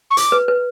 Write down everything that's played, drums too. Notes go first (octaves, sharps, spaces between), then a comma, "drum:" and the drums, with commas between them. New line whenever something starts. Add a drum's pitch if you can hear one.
C#6
D6, drum: hi-hat
B4
B4